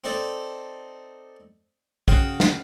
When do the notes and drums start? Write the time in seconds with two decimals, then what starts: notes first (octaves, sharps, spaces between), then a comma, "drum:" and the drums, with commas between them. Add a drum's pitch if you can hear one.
0.04 C4 D#4 A4 D5
2.08 C#3 F#4 F5 G5 D#6, drum: kick
2.40 drum: snare